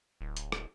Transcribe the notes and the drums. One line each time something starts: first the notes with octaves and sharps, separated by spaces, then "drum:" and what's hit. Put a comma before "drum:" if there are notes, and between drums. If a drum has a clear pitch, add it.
D1
drum: hi-hat
drum: rim click